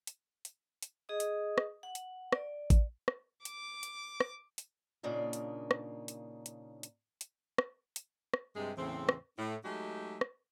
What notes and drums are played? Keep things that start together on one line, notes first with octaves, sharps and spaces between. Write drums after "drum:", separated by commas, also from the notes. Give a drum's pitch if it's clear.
drum: hi-hat
drum: hi-hat
drum: hi-hat
G#4 D#5 D#6
drum: hi-hat
drum: rim click
F#5
drum: hi-hat
D5, drum: rim click
drum: kick A1, hi-hat
drum: rim click
D6, drum: hi-hat
drum: hi-hat
drum: rim click
drum: hi-hat
A#2 C#3 A#3 D4 D#4
drum: hi-hat
drum: rim click
drum: hi-hat
drum: hi-hat
drum: hi-hat
drum: hi-hat
drum: rim click
drum: hi-hat
drum: rim click
G2 C3 G#3
E2 A2 C#3 C4
drum: rim click
A2
F#3 G#3 A3 D#4 F#4 G4
drum: rim click